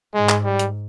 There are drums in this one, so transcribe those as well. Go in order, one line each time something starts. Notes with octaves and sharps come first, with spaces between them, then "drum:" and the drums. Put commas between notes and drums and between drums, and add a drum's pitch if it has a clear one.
G#2 G#3
drum: clap
G3
drum: hi-hat